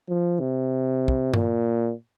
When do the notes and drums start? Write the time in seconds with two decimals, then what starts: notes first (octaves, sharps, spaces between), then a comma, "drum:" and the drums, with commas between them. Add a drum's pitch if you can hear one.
0.09 F3
0.40 C3
1.08 drum: kick
1.34 A#2, drum: tom G2